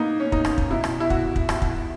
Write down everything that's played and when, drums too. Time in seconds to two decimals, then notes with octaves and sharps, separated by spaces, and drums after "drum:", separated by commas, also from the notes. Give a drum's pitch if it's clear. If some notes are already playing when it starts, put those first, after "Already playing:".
Already playing: B2 A#3 B3 D#4
0.20 C#4
0.32 D#4, drum: kick
0.45 drum: rim click
0.58 drum: kick
0.70 B2 E4
0.84 drum: rim click
1.00 E4
1.10 F#4, drum: kick
1.36 drum: kick
1.49 E4, drum: rim click
1.62 drum: kick